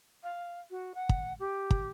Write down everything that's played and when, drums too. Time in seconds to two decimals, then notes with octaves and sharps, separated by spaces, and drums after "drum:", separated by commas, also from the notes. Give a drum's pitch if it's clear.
0.23 F5
0.70 F#4
0.94 F#5
1.09 drum: kick
1.39 G4
1.71 drum: kick